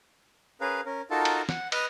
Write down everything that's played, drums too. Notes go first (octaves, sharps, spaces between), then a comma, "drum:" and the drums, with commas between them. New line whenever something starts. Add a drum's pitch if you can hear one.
C#4 G#4 A#4 B4 F5
C#4 A#4
D#4 F4 F#4 A4 A#4 A5
drum: cymbal
F#5, drum: snare
B4 D#5 D#6 F6, drum: cymbal